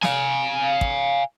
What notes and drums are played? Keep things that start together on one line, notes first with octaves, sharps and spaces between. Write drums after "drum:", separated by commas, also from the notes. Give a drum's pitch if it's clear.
F5 G#5, drum: snare
drum: kick